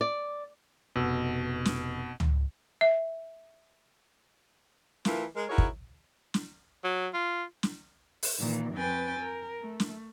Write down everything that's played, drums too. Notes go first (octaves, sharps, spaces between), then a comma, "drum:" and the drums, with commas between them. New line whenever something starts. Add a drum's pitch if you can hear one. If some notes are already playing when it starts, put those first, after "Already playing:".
D5
F1 B2 E6 F#7
drum: snare
drum: tom C#2
E5
E3 A3 E4 F4 A#4, drum: snare
G#3 A#4
D#4 E4 F#4 G#4 A#4 C#5
drum: kick
drum: snare
F#3
F4
drum: snare
drum: open hi-hat
A#2 D#3 E3
F2 C4 B4 G5 G#5 A6
A#4
A3
drum: snare